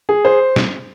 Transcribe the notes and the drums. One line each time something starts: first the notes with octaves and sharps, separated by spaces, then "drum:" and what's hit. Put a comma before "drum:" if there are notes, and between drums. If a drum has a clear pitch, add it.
G#4
C5
drum: snare